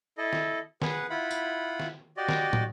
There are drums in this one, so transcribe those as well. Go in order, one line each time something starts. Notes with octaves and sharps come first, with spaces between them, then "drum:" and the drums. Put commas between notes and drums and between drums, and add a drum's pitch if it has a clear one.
E4 A4 D#5
drum: snare
G#4 B4 F#5, drum: snare
E4 F4 F#5 B5
drum: tambourine
drum: snare
F#4 G4 D5 D#5
drum: snare
drum: tom